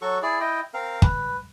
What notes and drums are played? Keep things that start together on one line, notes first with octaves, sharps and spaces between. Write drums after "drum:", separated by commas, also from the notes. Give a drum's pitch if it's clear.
F#3 F#4 A4 C#6
E4 G#4 D5
E4 D#5 G5
C4 A#4 F5
B4, drum: kick